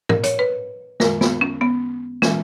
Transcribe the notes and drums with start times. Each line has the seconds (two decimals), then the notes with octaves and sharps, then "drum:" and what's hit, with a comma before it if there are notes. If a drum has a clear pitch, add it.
0.09 A#4, drum: tom
0.24 C#5, drum: hi-hat
0.39 B4
1.00 F#2 D#3 G#3 A#4, drum: snare
1.21 B3, drum: snare
1.41 C#4
1.61 B3
2.22 E3 G#3 C#4, drum: snare